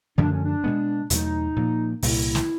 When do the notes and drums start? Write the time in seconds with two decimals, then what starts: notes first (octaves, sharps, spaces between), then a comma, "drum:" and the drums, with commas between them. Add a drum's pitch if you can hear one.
0.17 F#2 D3 F3 A3 D4
0.30 C#4
0.43 D4
0.64 B2 G#3 B3
1.10 E2 B2 F#3 A3 D#4, drum: hi-hat
1.56 A#2 F3 A#3
2.02 C2 A#2 G3 E4, drum: open hi-hat
2.35 drum: snare